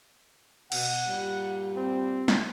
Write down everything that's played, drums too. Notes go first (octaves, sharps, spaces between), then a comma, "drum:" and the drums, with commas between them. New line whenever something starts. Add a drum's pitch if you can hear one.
B2 F#5, drum: cymbal
G2 A#2 G3
C4
drum: snare